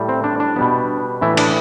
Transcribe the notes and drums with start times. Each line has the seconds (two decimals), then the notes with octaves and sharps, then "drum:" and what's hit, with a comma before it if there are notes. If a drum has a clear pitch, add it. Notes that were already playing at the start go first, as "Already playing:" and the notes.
Already playing: A2 G3
0.09 C4
0.24 D4
0.40 D4
0.56 B2 G3 B3
1.22 A2 E3 A3 E4
1.37 D4, drum: cymbal